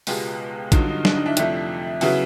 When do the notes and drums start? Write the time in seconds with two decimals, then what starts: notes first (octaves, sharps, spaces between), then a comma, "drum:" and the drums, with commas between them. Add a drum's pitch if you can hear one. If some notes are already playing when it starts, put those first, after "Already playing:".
0.07 C#2 B2 G#3 B3 F4 G4, drum: open hi-hat
0.72 G2 D3 F#3 D#4 F4, drum: kick, hi-hat
0.88 D#4
1.05 D4, drum: snare
1.15 D#4
1.26 D4 E4
1.37 F2 C3 F3 A3 D4 E4, drum: hi-hat
2.01 C#3 F#3 B3 E4 F#4, drum: open hi-hat